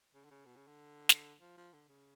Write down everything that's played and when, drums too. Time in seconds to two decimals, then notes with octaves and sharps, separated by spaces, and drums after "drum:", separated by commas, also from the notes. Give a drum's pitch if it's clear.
0.14 C#3
0.24 D3
0.31 C#3
0.45 B2
0.56 C#3
0.67 D3
1.09 drum: snare
1.41 F3
1.57 F3
1.73 D3
1.88 C#3